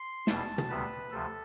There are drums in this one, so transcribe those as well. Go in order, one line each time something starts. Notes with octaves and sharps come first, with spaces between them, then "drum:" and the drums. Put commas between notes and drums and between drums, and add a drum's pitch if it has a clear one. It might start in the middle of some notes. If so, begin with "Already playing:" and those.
Already playing: C6
E2 B2 G3 A5, drum: snare
drum: tom
D2 C3 G3 B3 B4
D2 C3 F3 A4